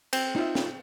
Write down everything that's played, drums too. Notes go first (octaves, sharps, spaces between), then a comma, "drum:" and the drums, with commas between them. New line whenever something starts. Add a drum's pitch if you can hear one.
C4, drum: cymbal
D#4 F4 E5
drum: snare